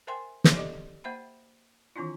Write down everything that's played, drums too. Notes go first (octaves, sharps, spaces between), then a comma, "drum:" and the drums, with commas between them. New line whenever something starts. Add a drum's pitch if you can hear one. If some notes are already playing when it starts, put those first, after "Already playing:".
A#4 C5 E5 G5 G#5 C6
drum: snare
G4 A4 D5 D#5 D6
A#3 C5 E5 F#5 B5
D#3 E3 C4 D4 E4 F4